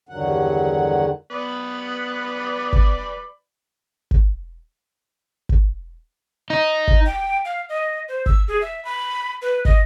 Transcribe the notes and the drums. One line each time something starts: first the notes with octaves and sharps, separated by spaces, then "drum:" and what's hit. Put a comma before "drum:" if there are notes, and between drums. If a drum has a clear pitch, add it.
E2 G2 D3 D#3 F#3 F#5
B3 B4 D5 B5
drum: kick
drum: kick
drum: kick
D#4
drum: kick
G5
F5
D#5
C5
E6, drum: kick
G#4
E5
B5
B4
D#5, drum: kick